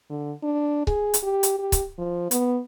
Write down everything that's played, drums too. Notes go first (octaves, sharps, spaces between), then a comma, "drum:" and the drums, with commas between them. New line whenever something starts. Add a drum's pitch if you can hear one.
D3
D4
G#4, drum: kick C#1
drum: hi-hat
G4
drum: hi-hat
G4
drum: kick C#1, hi-hat
F3
B3, drum: hi-hat